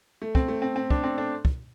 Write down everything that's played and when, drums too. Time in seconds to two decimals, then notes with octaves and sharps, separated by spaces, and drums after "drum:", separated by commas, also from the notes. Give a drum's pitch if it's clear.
0.22 A3
0.35 C4, drum: kick
0.48 A3
0.62 C4
0.76 C4
0.90 D4, drum: kick
1.03 C4
1.18 D4
1.45 drum: kick